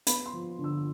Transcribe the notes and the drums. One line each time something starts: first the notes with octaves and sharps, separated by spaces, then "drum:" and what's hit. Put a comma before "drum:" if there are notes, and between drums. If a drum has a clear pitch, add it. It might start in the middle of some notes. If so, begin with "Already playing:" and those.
B3 B5, drum: hi-hat
C6
F3
D3
E6